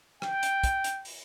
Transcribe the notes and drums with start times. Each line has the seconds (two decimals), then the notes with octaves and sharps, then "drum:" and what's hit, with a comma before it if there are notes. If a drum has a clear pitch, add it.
0.22 G5, drum: rim click
0.43 drum: hi-hat
0.64 drum: kick, hi-hat
0.84 drum: hi-hat
1.05 drum: open hi-hat